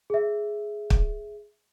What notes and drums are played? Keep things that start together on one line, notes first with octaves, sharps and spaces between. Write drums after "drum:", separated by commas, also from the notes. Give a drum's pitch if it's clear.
G#4 E5
drum: kick